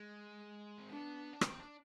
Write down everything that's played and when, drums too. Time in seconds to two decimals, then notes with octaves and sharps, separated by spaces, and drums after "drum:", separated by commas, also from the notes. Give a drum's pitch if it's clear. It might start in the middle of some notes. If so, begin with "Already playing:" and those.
Already playing: G#3
0.78 C4
0.89 B3 D4
1.33 D4
1.41 C4, drum: rim click
1.59 D4